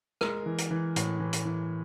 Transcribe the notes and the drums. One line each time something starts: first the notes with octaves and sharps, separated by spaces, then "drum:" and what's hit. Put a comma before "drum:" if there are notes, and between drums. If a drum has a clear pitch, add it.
G#3 A#4, drum: rim click
E3
drum: hi-hat
E3
A2, drum: hi-hat
E3
drum: hi-hat
E3